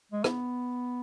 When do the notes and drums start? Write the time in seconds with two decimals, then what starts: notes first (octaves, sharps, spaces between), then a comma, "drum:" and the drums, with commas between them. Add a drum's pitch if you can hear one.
0.12 G#3
0.24 B3, drum: rim click